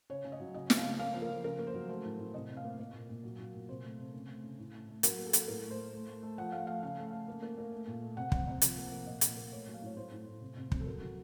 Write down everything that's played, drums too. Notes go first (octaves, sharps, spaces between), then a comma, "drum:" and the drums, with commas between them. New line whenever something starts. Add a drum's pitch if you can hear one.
C#3 C#5
C#3
D#5
F#3
C#3 D#5
A3, drum: snare
F5
C#3
A#3 F5
F3
A#4
F3
C#3 A#4
A#3
C5
F#3
A3 C5
A2
A2
C3 D#5
C3
F5
A#3
A#3
A#2
A#2
F#3
F#3
A#2
C3 C5
A3
C3
C#3
A3
C#3
A2
A3
A3
F#3 A#4, drum: hi-hat
A#3
A4
A#3, drum: hi-hat
A2 A#4
A3
C5
A3
A3
A3
A3
F3 F#5
A3 F5
A3 F5
C#3 F5
A3
A3
A#3
A#3
A#3
A3
A#2
A3
C3 F#5
C3, drum: kick
C3
F3, drum: hi-hat
A#3
A#3
A#2 D#5
A#2, drum: hi-hat
A#3
A3 C#5
F#3
F5
A2 C#5
A2 C5
A2
A2
C3
C3
C3, drum: kick
A4
F#3 A#4
F#3